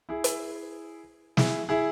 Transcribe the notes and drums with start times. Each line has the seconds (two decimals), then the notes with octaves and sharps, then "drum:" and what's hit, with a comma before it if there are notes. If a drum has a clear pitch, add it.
0.09 E4 G#4
0.24 drum: hi-hat
1.37 E4 G#4, drum: snare
1.69 E4 G#4